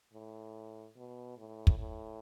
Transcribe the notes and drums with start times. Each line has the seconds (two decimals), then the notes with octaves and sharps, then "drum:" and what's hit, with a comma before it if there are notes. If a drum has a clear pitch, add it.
0.14 A2
0.96 B2
1.37 A2
1.67 drum: kick
1.78 A2